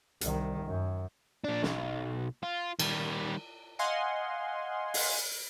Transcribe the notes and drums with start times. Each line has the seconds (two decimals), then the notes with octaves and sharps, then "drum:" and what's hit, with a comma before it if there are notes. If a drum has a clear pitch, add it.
0.21 C2 D#3, drum: hi-hat
0.65 F#2
1.44 A#2 D4
1.63 B1, drum: snare
2.43 F4
2.79 D#3 G3, drum: cymbal
3.79 D#5 F5 F#5 G#5 C6
4.94 drum: open hi-hat